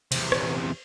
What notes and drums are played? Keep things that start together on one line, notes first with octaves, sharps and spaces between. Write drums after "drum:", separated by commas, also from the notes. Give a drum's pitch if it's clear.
E2 C3, drum: cymbal
drum: rim click